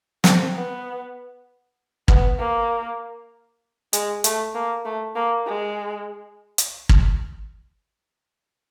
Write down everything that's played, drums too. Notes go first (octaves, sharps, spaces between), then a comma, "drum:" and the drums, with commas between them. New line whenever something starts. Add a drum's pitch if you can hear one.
C4, drum: snare
B3
B3, drum: kick
A#3
G#3, drum: hi-hat
A3, drum: hi-hat
A#3
A3
A#3
G#3
drum: hi-hat
drum: kick